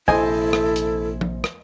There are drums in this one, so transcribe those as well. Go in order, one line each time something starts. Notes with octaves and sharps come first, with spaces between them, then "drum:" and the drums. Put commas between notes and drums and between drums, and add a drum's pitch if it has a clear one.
A#1 C3 E4 A4 C5 D#5 G#5
drum: rim click
drum: hi-hat
drum: tom F3
drum: rim click